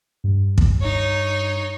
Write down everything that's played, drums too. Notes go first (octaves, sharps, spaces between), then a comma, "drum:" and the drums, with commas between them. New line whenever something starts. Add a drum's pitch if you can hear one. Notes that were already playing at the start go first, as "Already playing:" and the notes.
G2
drum: kick
D#4 C#5